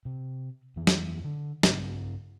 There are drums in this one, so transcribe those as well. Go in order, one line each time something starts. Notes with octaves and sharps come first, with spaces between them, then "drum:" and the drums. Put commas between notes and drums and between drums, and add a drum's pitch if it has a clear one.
C3
F2 E3
drum: snare
D3
G2 C#3 C4, drum: snare